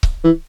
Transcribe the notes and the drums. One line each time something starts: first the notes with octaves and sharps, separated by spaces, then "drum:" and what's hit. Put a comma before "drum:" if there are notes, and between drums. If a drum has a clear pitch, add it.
drum: kick C#1
E3